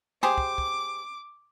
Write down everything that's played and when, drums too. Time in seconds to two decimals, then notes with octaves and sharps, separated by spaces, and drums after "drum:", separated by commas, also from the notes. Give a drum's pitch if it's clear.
0.23 G4 G#4 C5 D6, drum: snare
0.38 drum: kick
0.58 drum: kick